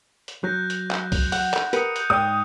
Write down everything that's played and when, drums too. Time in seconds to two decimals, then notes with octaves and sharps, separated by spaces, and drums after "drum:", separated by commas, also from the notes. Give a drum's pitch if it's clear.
0.28 drum: hi-hat
0.44 F#3 F#6 G6 A#6
0.70 drum: hi-hat
0.91 drum: clap
1.12 drum: kick, open hi-hat
1.32 F#5, drum: open hi-hat
1.54 drum: clap
1.73 G4 A#4 B4 D#6 C#7 D#7, drum: hi-hat
1.96 F#6 G6, drum: hi-hat
2.10 G#2 D5 G5 D#6